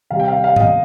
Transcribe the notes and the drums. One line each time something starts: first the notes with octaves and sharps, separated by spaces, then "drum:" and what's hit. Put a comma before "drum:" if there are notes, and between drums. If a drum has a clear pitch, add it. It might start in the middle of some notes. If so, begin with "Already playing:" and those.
C3 G3 F5
G5
F5
F5
D#5, drum: tom G2
F5